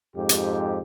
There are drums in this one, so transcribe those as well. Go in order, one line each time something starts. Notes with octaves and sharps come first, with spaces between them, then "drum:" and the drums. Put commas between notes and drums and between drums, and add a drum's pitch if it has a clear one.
F2 G#2 G4
drum: hi-hat